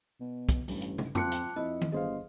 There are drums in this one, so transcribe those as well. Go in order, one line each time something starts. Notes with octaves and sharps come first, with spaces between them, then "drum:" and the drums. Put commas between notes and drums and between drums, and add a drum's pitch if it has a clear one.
B2
drum: kick, hi-hat
A1 G2, drum: open hi-hat
drum: hi-hat
drum: tom
F2 C4 F4 A5 D6 F#6 C#7, drum: tom F2
drum: hi-hat
F2 E4 D#5
drum: tom D#3
G1 G#4 C5 D#5 F5